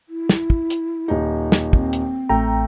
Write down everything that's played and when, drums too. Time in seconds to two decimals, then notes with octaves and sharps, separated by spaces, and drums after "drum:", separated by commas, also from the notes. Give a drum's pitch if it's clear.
0.09 E4
0.29 drum: snare
0.50 drum: kick
0.70 drum: hi-hat
1.08 D#1 D#4
1.52 drum: snare
1.73 C4, drum: kick
1.93 drum: hi-hat
2.29 A1 A3 G5 A#5